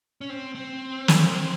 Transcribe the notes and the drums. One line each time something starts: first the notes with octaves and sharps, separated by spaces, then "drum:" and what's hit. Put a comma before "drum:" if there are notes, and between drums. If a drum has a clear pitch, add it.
C#4
C4
C4
drum: snare